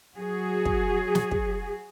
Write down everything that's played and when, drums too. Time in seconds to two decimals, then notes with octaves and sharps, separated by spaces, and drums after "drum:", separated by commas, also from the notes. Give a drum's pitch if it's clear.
0.16 F#3 F#4 G#4
0.65 drum: kick
1.15 drum: snare
1.31 drum: kick